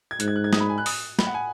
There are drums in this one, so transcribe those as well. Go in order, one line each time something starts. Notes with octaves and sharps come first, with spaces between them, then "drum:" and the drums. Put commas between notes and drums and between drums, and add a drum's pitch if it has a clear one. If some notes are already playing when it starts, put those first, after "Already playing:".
G#6
G#2 F#6, drum: hi-hat
G#6
F#6
G#6
D#6, drum: snare
B5
G#5
F#6
D#6, drum: open hi-hat
B5, drum: snare
F#5
G#5